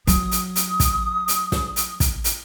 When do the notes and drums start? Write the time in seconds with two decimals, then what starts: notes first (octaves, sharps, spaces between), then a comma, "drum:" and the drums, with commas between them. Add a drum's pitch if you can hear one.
0.07 F#3 D#6, drum: kick, hi-hat
0.31 drum: hi-hat
0.56 drum: hi-hat
0.80 drum: kick, hi-hat
1.28 drum: hi-hat
1.52 drum: snare
1.76 drum: hi-hat
2.00 drum: kick, hi-hat
2.24 drum: hi-hat